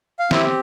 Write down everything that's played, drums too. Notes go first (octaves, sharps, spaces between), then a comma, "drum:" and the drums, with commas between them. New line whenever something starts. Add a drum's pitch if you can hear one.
F5
C4 E4 G4 E5, drum: snare